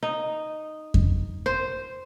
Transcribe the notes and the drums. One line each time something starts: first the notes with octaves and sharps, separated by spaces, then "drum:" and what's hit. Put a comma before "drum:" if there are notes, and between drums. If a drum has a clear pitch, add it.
D#4
drum: kick F2
C5